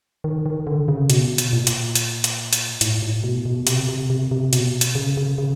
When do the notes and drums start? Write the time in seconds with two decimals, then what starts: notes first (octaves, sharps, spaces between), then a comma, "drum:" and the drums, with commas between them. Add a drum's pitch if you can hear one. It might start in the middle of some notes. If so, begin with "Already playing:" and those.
0.24 D#3
0.46 D#3
0.67 D3
0.88 C#3
1.10 B2, drum: hi-hat
1.38 drum: hi-hat
1.53 A#2
1.67 drum: hi-hat
1.95 drum: hi-hat
2.24 drum: hi-hat
2.53 drum: hi-hat
2.81 A2, drum: hi-hat
3.02 A2
3.24 B2
3.45 B2
3.67 C3, drum: hi-hat
3.88 C3
4.10 C3
4.31 C3
4.53 B2, drum: hi-hat
4.81 drum: hi-hat
4.95 C#3
5.17 C#3
5.38 C#3